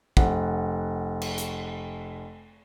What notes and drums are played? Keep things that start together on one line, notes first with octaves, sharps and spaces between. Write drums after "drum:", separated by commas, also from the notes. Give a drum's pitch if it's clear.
F1 F#5, drum: kick
drum: cymbal
drum: hi-hat